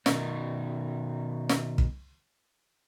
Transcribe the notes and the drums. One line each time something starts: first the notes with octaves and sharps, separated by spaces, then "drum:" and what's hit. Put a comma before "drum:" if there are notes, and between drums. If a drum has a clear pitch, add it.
B2 D#3 D#4, drum: snare
drum: snare
drum: kick